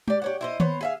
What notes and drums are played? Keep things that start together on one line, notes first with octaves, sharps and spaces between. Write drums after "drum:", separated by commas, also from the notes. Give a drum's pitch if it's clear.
G4 D5, drum: tom G#3
G4 C#5 F#5
E4 C5 D#5
B3 C5 C#5, drum: tom D#3
G#4 E5 F5